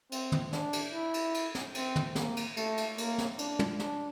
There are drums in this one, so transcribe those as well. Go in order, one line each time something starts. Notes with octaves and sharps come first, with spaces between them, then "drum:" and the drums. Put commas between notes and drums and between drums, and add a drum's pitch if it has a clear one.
C4, drum: cymbal
drum: tom
D4, drum: snare
drum: cymbal
E4
drum: cymbal
drum: cymbal
drum: snare
C4, drum: cymbal
drum: tom
A#3, drum: snare
drum: cymbal
A3, drum: cymbal
drum: cymbal
A#3, drum: cymbal
drum: snare
D4, drum: cymbal
drum: tom
D4, drum: snare